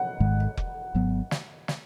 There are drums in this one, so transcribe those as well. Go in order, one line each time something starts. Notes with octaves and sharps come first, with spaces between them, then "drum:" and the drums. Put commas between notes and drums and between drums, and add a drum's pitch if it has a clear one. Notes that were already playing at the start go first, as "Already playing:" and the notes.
Already playing: F#5
G#1 G#2 D#3 G#3
drum: kick F1
G#1 G#2 F#3 B3
drum: snare
drum: snare